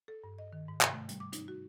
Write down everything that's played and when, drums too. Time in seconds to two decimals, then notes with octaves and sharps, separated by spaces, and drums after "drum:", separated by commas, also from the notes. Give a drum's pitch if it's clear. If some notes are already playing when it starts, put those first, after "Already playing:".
0.08 A4
0.24 G2
0.39 D#5
0.53 D#3
0.68 G#2
0.81 C3, drum: clap
0.93 A3
1.09 G3, drum: hi-hat
1.20 D6
1.32 D#4, drum: hi-hat
1.48 F#4